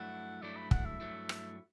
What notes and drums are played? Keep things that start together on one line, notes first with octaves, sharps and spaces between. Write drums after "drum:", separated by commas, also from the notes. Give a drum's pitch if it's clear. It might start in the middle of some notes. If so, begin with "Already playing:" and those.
Already playing: G2 F#3 A3 E4 F#5
G2 F#3 A3 E4 D5
B5
F#5, drum: kick
E5
G2 F#3 A3 E4
drum: rim click